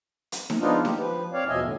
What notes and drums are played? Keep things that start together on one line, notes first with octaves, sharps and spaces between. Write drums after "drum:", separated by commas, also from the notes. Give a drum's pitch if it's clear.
drum: hi-hat
drum: snare D#4
F3 G#3 B3 D4 D#4 F4
G4, drum: snare D#4
F3 B4
C4 C#5 D5 F5
E2 B2 F3 D#5 E5 G#5
A2 D3